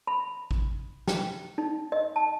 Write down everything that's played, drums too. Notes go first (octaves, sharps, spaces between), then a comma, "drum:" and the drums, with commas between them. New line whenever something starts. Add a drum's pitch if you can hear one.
B5
drum: kick
G5, drum: snare
D#4
D#5
A5